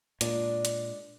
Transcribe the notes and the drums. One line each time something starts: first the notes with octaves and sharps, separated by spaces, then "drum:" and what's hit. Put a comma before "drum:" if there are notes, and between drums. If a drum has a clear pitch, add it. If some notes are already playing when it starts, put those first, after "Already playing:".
A#2 G#3 D4 D5, drum: hi-hat
drum: hi-hat